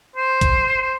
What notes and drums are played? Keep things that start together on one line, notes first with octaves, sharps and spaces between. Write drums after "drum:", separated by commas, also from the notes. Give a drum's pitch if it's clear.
C5
drum: kick, hi-hat
C5